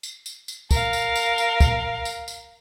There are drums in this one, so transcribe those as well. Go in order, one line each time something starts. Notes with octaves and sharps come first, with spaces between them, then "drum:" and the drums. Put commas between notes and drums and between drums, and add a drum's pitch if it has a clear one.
drum: tambourine
drum: tambourine
drum: tambourine
A#4 F5, drum: kick, tambourine
drum: tambourine
drum: tambourine
drum: tambourine
drum: kick, tambourine
drum: tambourine
drum: tambourine